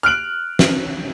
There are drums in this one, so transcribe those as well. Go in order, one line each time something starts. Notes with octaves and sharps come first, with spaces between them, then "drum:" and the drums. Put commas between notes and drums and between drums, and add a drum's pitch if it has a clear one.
F6 F#6 D7 F#7
drum: snare